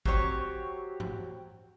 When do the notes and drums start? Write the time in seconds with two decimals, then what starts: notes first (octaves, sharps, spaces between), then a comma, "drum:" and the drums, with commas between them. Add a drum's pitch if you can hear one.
0.06 F#3 C4 G4 C#5, drum: kick
1.00 drum: tom